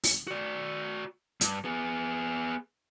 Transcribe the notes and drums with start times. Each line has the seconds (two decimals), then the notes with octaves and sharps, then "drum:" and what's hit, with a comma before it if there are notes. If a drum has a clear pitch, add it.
0.04 drum: open hi-hat
0.27 F#4 D5
1.41 G2, drum: hi-hat
1.65 B3 G#4